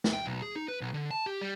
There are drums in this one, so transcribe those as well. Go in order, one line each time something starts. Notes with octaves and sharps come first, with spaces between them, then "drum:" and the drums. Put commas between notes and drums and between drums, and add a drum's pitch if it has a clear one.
drum: snare
G5
B1
G#4
D#4
B4
B1
D3
A5
G4
G3